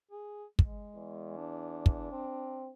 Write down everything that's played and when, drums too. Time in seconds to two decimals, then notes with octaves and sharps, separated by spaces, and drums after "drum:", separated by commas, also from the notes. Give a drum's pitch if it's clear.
0.11 G#4
0.59 G#3, drum: kick
0.95 E2
1.37 D4
1.86 drum: kick
2.12 C4